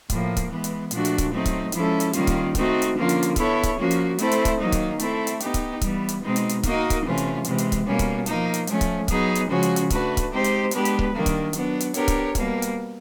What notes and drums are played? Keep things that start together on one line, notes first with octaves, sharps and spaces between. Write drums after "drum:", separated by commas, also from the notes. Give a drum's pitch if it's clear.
A2 F3 A#3, drum: kick C#1, hi-hat
drum: kick C#1, hi-hat
E3 G#3 B3
drum: hi-hat
A#2 F3 A3 D4 F#4, drum: hi-hat
drum: hi-hat
drum: kick C#1, hi-hat
F#3 A3 C4 D#4
drum: kick C#1, hi-hat
F3 G#3 C#4 E4 A4, drum: hi-hat
drum: hi-hat
D#3 G3 A#3 C#4 F4, drum: hi-hat
drum: kick C#1, hi-hat
A3 C4 D#4 F#4, drum: kick C#1, hi-hat
drum: hi-hat
D3 F3 A#3 C#4 F4
drum: hi-hat
drum: hi-hat
B3 E4 A4 C#5, drum: kick C#1, hi-hat
drum: kick C#1, hi-hat
F3 A#3 C#4 F#4
drum: hi-hat
A3 C4 E4 A4 C5, drum: hi-hat
drum: hi-hat
drum: kick C#1, hi-hat
D#3 F#3 A#3 D#4
drum: kick C#1, hi-hat
A3 C4 E4 A4, drum: hi-hat
drum: hi-hat
B3 D#4 G4, drum: hi-hat
drum: kick C#1, hi-hat
E3 G3 B3, drum: kick C#1, hi-hat
drum: hi-hat
B2 G#3 C4 D#4
drum: hi-hat
drum: hi-hat
A#3 D#4 F#4 A#4 D#5, drum: kick C#1, hi-hat
drum: kick C#1, hi-hat
C3 E3 A3 C#4 F4
drum: hi-hat
C3 E3 G#3, drum: hi-hat
drum: hi-hat
drum: kick C#1, hi-hat
B2 G3 A#3 C#4
drum: kick C#1, hi-hat
F3 A#3 D#4, drum: hi-hat
drum: hi-hat
F3 A3 C#4, drum: hi-hat
drum: kick C#1, hi-hat
F#3 B3 D#4 G#4, drum: kick C#1, hi-hat
drum: hi-hat
C#3 F3 G#3 C#4 F#4
drum: hi-hat
drum: hi-hat
A3 D4 F#4 B4, drum: kick C#1, hi-hat
drum: kick C#1, hi-hat
G#3 C4 D#4 G4 C5
drum: hi-hat
G#3 B3 D4 G4 B4, drum: hi-hat
drum: hi-hat
drum: kick C#1
D#3 G3 A#3 D4
drum: kick C#1, hi-hat
F#3 B3 D4, drum: hi-hat
drum: hi-hat
B3 D4 G4 A#4 C#5, drum: hi-hat
drum: kick C#1, hi-hat
B2 G3 A#3, drum: kick C#1, hi-hat
drum: hi-hat